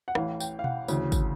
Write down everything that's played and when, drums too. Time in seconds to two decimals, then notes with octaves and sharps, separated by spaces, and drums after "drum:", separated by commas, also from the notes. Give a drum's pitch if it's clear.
0.08 F#5
0.15 A1 A2 E3 F5, drum: rim click
0.40 G5, drum: tambourine
0.59 F5
0.64 F#5, drum: tom B2
0.88 D2 C#3 E3, drum: tambourine
1.12 drum: kick, tambourine